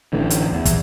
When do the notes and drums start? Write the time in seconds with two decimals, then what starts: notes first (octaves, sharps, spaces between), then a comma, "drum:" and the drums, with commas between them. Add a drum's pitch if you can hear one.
0.13 A1 A2 D3 E3
0.30 drum: hi-hat
0.53 E2
0.65 drum: kick, hi-hat